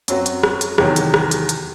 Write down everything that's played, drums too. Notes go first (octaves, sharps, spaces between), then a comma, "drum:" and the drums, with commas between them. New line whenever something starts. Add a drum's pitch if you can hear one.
F#2 F#3 C4 F#4, drum: hi-hat
drum: hi-hat
drum: rim click
drum: hi-hat
E2 C3 D#3 F#3, drum: rim click
drum: hi-hat
drum: rim click
drum: hi-hat
drum: hi-hat